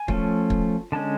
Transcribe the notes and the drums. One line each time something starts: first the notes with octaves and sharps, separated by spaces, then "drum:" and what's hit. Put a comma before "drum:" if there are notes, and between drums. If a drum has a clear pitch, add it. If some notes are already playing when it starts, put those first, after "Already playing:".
Already playing: G#5
F3 A3 C#4, drum: kick
drum: kick
D3 G#3 C#4 A5